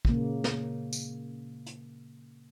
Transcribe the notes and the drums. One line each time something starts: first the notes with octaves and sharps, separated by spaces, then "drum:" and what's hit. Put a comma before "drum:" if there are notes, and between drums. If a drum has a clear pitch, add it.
A#2 C#3 A#3, drum: kick
drum: snare
drum: tambourine
drum: hi-hat